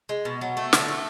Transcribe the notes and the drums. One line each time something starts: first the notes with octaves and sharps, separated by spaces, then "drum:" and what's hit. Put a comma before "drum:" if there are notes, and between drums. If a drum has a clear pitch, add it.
G#3
B2
F#3
A3
D3, drum: snare
A3